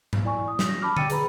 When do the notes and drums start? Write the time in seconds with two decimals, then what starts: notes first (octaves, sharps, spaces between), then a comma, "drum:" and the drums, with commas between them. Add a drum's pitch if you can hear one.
0.13 drum: tom G#2
0.24 E4 D5 G#5 C#6
0.48 D#6
0.59 drum: snare
0.69 A#6
0.82 A5 B5 D6 F6
0.97 G5 D6 E6 A6 C#7 D#7, drum: tom D3
1.10 G#4 B4 A#5 B5, drum: hi-hat